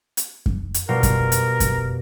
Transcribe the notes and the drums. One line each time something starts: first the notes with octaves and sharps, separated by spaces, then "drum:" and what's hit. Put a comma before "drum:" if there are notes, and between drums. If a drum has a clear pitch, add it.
drum: hi-hat
drum: kick F#2
drum: hi-hat
B2 G3 F4 A#4
drum: kick F#2, hi-hat
drum: hi-hat
drum: kick F#2, hi-hat